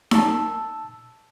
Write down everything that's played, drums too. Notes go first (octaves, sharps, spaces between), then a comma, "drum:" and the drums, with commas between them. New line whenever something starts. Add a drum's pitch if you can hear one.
A5 E6, drum: snare D#4